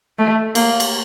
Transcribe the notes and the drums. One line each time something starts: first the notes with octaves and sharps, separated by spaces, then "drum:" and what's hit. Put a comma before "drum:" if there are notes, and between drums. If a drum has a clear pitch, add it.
A3
A#3, drum: cymbal
drum: cymbal